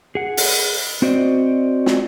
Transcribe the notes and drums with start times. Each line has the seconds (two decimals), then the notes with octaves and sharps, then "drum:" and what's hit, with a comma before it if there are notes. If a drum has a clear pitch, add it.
0.15 G#4 F#5
0.37 drum: open hi-hat
1.02 C4 F#4 C5 D5 D#5
1.86 drum: snare